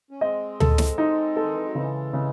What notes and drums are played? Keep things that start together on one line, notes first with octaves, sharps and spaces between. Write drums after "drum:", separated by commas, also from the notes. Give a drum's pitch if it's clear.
C#4
G#3 C4 D#5
A4, drum: tom D2
drum: snare
D#4
A4
D#3
E3
F#3
C#3 E3 G#3
C#3